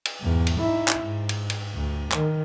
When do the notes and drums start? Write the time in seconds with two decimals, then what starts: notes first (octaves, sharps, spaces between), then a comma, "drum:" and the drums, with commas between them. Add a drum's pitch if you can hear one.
0.05 drum: cymbal
0.21 E2 G#2
0.47 drum: cymbal
0.60 D#4 E4
0.88 drum: clap
1.03 G#2
1.29 drum: cymbal
1.50 drum: cymbal
1.74 D2
2.12 D#3, drum: clap